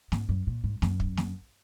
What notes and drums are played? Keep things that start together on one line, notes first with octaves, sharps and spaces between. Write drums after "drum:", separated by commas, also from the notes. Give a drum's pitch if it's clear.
G#2, drum: snare
F#2
A#2
G#2
F#2, drum: snare
drum: kick
drum: snare